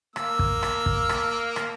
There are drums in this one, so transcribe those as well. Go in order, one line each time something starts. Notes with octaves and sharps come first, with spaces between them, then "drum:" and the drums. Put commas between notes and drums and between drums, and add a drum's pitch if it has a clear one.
A#3 E6, drum: rim click
drum: kick
drum: rim click
drum: kick
drum: rim click
drum: rim click